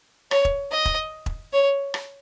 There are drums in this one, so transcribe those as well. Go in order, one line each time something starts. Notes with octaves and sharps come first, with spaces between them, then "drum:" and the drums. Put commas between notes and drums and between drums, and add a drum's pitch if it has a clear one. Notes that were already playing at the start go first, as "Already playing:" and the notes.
C#5, drum: rim click
drum: kick E1
D#5
drum: kick E1
drum: kick E1
C#5
drum: rim click